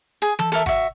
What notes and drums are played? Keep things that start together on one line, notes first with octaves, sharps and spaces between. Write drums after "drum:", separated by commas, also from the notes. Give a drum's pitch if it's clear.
G#4
A4, drum: tom E3
A4 A#4 E5
F#4 E5, drum: kick